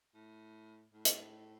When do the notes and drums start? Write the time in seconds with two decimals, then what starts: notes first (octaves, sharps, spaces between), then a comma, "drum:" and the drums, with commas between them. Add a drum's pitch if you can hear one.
0.14 A2
0.93 A2
1.05 drum: hi-hat